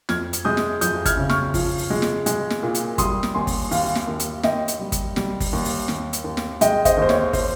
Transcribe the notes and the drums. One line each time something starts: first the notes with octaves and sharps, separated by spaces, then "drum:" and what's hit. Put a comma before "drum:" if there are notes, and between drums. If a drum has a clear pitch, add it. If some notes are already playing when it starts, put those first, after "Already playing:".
F2 F6 G#6, drum: snare
drum: hi-hat
G#3 D#6 G6
drum: snare
F2 D#6 G6, drum: hi-hat
F6 G#6, drum: kick, hi-hat
C#3
C#6 F6, drum: snare
F3, drum: kick, open hi-hat
drum: open hi-hat
G#3
drum: snare
G#3, drum: hi-hat
drum: snare
A#2
drum: hi-hat
G3 C6 D#6, drum: kick, hi-hat
drum: snare
D#2 G#5 C6
drum: kick, open hi-hat
D#2 F5 G#5, drum: open hi-hat
drum: snare
D#2
drum: hi-hat
D#2 D#5 G5, drum: snare
drum: hi-hat
G3
drum: kick, hi-hat
G3, drum: snare
drum: kick, open hi-hat
D#2
drum: open hi-hat
D#2, drum: snare
drum: hi-hat
D#2
drum: snare
G#3 D#5 G5, drum: hi-hat
C5 D#5, drum: kick, hi-hat
D#2 C5
C#5, drum: snare
C5, drum: kick, open hi-hat